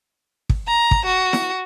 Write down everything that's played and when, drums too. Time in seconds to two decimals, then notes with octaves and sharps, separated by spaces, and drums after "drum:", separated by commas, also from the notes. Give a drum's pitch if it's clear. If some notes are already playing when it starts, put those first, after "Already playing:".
0.49 drum: kick
0.68 A#5
0.91 drum: kick
1.05 F#4
1.33 drum: snare E4